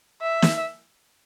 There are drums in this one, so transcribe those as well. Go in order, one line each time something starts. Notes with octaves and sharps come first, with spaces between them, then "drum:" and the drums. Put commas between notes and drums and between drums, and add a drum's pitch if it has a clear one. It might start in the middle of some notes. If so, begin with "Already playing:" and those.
E5
drum: snare